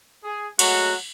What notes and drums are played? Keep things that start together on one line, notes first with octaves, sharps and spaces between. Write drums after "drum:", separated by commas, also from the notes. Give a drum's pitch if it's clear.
G#4
F#3 G#3 A3 F#4, drum: cymbal